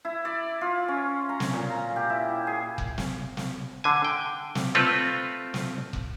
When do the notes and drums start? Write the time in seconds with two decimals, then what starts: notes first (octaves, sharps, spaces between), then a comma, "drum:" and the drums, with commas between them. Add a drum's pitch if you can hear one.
0.05 E4
0.25 D5
0.61 F4
0.88 C#4
1.29 A#5
1.40 drum: snare
1.53 A#2
1.70 A#5
1.96 G4
2.10 E4
2.47 G#4
2.78 drum: kick F1
2.98 drum: snare
3.37 drum: snare
3.84 D3 G#5
4.05 G5
4.55 drum: snare
4.75 A3 C4 F4 A4 B4
5.54 drum: snare
5.93 drum: kick F1